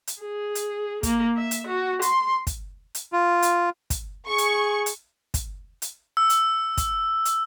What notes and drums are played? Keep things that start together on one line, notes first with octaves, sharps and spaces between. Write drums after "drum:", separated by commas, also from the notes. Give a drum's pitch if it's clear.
drum: hi-hat
G#4
drum: hi-hat
A#3, drum: kick, hi-hat
E5
drum: hi-hat
F#4
C6, drum: hi-hat
drum: kick, hi-hat
drum: hi-hat
F4
drum: hi-hat
drum: kick, hi-hat
G#4 C#6
drum: hi-hat
drum: hi-hat
drum: kick, hi-hat
drum: hi-hat
E6
drum: hi-hat
drum: kick, hi-hat
drum: hi-hat